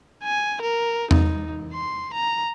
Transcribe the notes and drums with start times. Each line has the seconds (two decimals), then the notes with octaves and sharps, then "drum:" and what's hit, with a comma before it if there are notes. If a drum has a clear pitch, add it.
0.24 G#5
0.61 A#4
1.11 D#4, drum: tom E2
1.73 C6
2.14 A#5